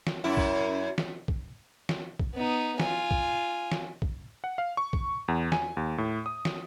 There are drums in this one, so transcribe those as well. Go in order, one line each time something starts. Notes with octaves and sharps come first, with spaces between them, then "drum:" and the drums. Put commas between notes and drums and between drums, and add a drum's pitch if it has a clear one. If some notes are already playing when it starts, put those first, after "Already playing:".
drum: snare
F#2 E4
drum: kick
drum: snare
drum: kick
drum: snare
drum: kick
B3 D#4
F4 G#5, drum: snare
drum: kick
drum: snare
drum: kick
F#5
F5
C#6
drum: kick
E2
G#5, drum: snare
D#2
A2
D#6
drum: snare